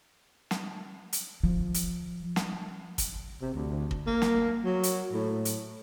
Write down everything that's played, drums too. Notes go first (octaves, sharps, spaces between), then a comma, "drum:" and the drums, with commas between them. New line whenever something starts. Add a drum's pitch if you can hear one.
drum: snare
drum: hi-hat
F3
drum: hi-hat
drum: snare
drum: kick, hi-hat
C3
D2
drum: kick
A#3
drum: snare
F#3
drum: hi-hat
A2
drum: hi-hat